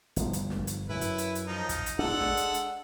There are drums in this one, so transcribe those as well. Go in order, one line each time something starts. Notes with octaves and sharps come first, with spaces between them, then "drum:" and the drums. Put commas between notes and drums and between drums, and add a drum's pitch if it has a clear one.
G1 F3, drum: hi-hat
drum: hi-hat
drum: snare
drum: hi-hat
F#2 E4 B4
drum: hi-hat
drum: hi-hat
drum: hi-hat
F3 D#4
drum: kick, hi-hat
drum: hi-hat
G#3 D4 A4 F#5
drum: snare
drum: hi-hat
drum: hi-hat